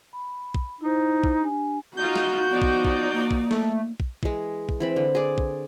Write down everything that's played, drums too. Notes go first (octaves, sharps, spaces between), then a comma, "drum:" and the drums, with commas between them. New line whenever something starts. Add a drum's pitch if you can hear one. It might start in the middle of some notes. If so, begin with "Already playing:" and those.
B5
drum: kick
D#4 E4 C5
drum: kick
D4 G4 G#5
D#4 F4 F#4 G6
drum: snare
F3 B3 D#4 D5
drum: kick
drum: kick
A#3
drum: kick
A3, drum: snare
drum: kick
E3 G#3, drum: kick
drum: kick
E3 C4 B5
D3
G#4 D5
drum: kick